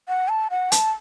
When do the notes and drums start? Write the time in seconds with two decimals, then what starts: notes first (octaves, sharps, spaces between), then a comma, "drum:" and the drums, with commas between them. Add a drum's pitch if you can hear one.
0.08 F#5
0.28 A5
0.50 F#5
0.72 A5, drum: hi-hat